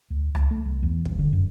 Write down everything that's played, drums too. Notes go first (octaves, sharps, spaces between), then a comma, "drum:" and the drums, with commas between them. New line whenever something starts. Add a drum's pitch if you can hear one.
D2
C#2, drum: rim click
A3
C2
E2
D#1, drum: kick
D3
F#2